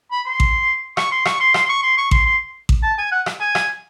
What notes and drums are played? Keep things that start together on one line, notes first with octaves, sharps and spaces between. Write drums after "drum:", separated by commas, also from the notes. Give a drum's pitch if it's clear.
B5
C6
drum: kick A1
C#6, drum: rim click
C6
C#6, drum: rim click
C6
C6, drum: rim click
C6
C#6
C6
C#6
C6, drum: kick A1
C6
drum: kick A1
A5
G#5
F#5
drum: rim click
G#5
drum: rim click